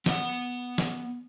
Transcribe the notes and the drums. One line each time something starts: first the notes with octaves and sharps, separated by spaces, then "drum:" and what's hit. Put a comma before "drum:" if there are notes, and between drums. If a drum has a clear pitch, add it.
B3 F#5, drum: snare
drum: snare